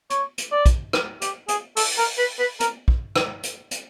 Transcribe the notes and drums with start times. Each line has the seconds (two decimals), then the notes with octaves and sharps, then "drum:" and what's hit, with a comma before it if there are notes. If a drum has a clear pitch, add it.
0.10 C#5, drum: hi-hat
0.38 drum: hi-hat
0.52 D5
0.66 drum: kick, hi-hat
0.93 drum: rim click
1.21 G4, drum: hi-hat
1.48 G#4, drum: hi-hat
1.77 A4, drum: open hi-hat
1.98 A#4
2.18 B4
2.39 B4
2.60 A#4, drum: hi-hat
2.88 drum: kick
3.16 drum: rim click
3.43 drum: hi-hat
3.71 drum: hi-hat